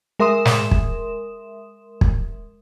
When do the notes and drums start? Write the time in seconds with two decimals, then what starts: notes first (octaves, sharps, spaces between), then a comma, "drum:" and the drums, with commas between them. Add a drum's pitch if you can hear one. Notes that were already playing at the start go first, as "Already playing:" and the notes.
0.19 G#3 A#4 E5 C6 D#6 E7
0.45 drum: snare
0.71 drum: kick
2.01 drum: kick